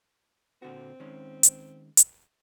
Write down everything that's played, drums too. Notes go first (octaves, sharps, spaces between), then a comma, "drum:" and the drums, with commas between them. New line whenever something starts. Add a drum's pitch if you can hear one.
A#2 D3 C4 F#4
D#3 G#3 C#4
drum: hi-hat
drum: hi-hat